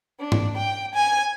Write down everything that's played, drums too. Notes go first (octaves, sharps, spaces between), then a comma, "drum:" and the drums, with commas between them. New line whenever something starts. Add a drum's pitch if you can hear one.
D4
drum: tom G#2
G5
G#5